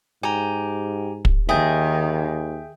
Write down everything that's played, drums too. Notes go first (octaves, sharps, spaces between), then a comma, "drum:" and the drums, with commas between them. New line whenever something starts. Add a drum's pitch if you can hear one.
G#2 G4 G#5 A#5
drum: kick
D#2 D#3 G#4 E5 G5 G6